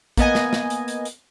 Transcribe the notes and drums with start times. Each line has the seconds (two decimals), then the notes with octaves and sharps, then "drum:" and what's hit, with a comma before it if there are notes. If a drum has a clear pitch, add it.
0.17 A#3 B3 D#5 G#5, drum: kick, hi-hat
0.35 drum: snare
0.53 drum: snare
0.70 drum: hi-hat
0.88 drum: hi-hat
1.05 drum: hi-hat